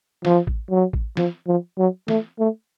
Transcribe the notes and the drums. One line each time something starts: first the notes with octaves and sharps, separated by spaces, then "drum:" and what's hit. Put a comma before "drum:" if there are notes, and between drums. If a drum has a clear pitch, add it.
F3, drum: snare
drum: kick A1
F#3
drum: kick A1
F3, drum: snare
F3
F#3
A3, drum: snare
A3